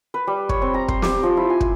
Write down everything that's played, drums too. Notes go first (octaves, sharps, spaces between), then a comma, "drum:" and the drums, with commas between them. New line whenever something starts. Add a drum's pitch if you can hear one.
B4
G3
C#5, drum: kick
C4
A#5
C5, drum: kick
G4, drum: snare
F3
E4
G#5
drum: kick